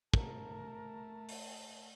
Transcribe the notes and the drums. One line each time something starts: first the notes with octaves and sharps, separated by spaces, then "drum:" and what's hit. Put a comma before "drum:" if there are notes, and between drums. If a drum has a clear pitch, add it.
A3 A#4 A5, drum: kick
drum: open hi-hat